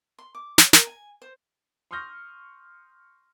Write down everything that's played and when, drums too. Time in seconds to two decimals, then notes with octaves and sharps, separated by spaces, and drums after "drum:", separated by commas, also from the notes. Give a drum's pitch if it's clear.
0.19 C6
0.35 D6
0.58 C#5, drum: snare
0.73 A#4, drum: snare
0.87 G#5
1.22 C5
1.91 C6 C#6 D#6 F6 G6 A#6